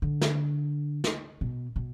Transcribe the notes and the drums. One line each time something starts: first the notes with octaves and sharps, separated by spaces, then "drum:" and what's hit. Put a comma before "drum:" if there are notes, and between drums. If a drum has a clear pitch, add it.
D3
drum: snare
drum: snare
B2
B2